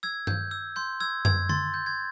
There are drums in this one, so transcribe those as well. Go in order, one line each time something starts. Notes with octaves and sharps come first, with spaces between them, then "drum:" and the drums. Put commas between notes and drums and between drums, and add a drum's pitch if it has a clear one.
E6 G#6
G6, drum: tom G2
E6
C6 G6
E6 G#6
E6 G#6, drum: tom F#2
C6 A6, drum: tom D3
G6
G#6